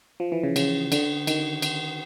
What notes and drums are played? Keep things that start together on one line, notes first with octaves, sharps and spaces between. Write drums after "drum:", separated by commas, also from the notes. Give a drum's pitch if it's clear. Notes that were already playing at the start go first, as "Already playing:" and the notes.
F3
E3
C#3
C#3, drum: cymbal
D3, drum: cymbal
D#3, drum: cymbal
drum: cymbal